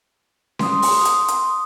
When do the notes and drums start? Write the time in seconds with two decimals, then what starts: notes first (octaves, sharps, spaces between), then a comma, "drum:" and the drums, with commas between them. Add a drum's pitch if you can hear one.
0.59 C6 D#6, drum: snare C#4
0.82 drum: open hi-hat
1.05 drum: hi-hat
1.28 drum: hi-hat